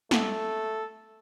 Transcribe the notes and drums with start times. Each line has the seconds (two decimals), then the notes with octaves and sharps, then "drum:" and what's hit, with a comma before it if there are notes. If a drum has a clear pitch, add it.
0.11 A3 A4, drum: snare